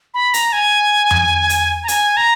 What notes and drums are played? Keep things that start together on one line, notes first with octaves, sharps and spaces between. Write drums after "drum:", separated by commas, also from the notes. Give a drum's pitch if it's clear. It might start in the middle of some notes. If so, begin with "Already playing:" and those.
B5
A#5, drum: hi-hat
G#5
drum: tom F2
drum: hi-hat
A#5
G#5, drum: hi-hat
A#5